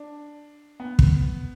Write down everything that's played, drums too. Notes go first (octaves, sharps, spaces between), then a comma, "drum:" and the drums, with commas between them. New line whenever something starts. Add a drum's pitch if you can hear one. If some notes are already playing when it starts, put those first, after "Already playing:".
Already playing: D4
B3
drum: kick